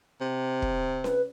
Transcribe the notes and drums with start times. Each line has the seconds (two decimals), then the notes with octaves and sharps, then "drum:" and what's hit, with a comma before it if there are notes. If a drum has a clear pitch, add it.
0.21 C3
0.62 drum: kick
1.04 B4, drum: snare C#4